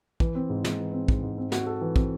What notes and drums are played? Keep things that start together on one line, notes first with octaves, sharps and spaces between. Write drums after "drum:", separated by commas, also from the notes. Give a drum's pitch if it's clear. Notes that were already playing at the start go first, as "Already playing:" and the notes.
E3, drum: kick
C4
G#2
G#2, drum: snare
E3
C4
G#2, drum: kick
G#2
C4
F#4, drum: snare
A4
E3
C4, drum: kick